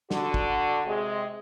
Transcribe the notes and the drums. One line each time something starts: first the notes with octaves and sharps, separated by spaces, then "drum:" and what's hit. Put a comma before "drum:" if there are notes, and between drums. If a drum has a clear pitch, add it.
D3 F#4, drum: snare
drum: kick
C3 G#3